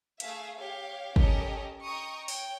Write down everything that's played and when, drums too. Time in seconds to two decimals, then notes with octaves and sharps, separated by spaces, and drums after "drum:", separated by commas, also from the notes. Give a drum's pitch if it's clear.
0.20 A3 G#4 E5 F5, drum: hi-hat
0.57 G4 C#5 F5
1.16 C#4 G4 A4 A#4 D#5, drum: kick
1.84 D#5 G5 A#5 C#6 D#6
2.28 C#5 G5, drum: open hi-hat